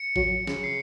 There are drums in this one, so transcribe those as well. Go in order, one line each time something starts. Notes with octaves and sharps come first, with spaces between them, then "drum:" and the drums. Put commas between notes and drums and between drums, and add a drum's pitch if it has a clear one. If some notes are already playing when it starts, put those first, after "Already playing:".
Already playing: C#7
F#3, drum: kick G#1
C#3, drum: snare
C7